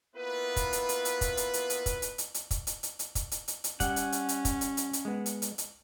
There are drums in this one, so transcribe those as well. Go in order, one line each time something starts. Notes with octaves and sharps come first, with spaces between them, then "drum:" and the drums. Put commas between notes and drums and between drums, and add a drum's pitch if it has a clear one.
A#3 B3 E4 F4 B4
drum: kick, hi-hat
drum: hi-hat
drum: hi-hat
drum: hi-hat
drum: kick, hi-hat
drum: hi-hat
drum: hi-hat
drum: hi-hat
drum: kick, hi-hat
drum: hi-hat
drum: hi-hat
drum: hi-hat
drum: kick, hi-hat
drum: hi-hat
drum: hi-hat
drum: hi-hat
drum: kick, hi-hat
drum: hi-hat
drum: hi-hat
drum: hi-hat
G3 C#4 F#5 G5, drum: kick, hi-hat
drum: hi-hat
drum: hi-hat
drum: hi-hat
drum: kick, hi-hat
drum: hi-hat
drum: hi-hat
drum: hi-hat
G#3 B3
drum: hi-hat
drum: hi-hat
drum: hi-hat